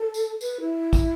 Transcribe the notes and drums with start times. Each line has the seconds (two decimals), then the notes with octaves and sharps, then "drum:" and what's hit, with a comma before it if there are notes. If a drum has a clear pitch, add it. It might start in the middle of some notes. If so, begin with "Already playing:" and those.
Already playing: A4
0.14 drum: tambourine
0.41 B4, drum: tambourine
0.61 E4
0.93 drum: kick, tambourine